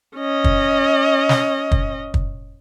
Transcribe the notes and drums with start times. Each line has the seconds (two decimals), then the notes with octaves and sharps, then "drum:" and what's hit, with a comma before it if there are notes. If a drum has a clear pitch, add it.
0.16 C#4 D#5
0.44 drum: kick
1.29 drum: snare
1.71 drum: kick
2.14 drum: kick